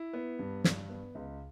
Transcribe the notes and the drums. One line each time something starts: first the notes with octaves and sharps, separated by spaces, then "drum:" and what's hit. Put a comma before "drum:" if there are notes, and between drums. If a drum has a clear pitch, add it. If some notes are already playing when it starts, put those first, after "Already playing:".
Already playing: E4
B3
G2
G2, drum: snare
B3
C#2